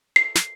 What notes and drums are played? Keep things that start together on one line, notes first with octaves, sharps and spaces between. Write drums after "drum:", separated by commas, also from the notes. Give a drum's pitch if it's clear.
C7
drum: snare